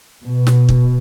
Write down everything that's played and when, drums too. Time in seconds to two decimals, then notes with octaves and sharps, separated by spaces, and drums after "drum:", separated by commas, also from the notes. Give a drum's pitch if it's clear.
0.24 B2
0.47 drum: snare
0.69 drum: kick